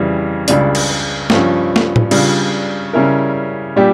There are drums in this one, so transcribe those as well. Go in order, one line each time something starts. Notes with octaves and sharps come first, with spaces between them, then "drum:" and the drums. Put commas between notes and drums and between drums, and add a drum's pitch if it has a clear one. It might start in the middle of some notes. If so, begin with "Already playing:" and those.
Already playing: F2 C#3 E3 G3
C#2 C#3 G3 D4, drum: hi-hat
drum: cymbal
G2 F3 C#4, drum: snare
drum: snare
drum: tom A2
C#3 G3 D4 F4, drum: cymbal
C#3 G3 C#4 E4 A#4
A#2 G3 D4 G4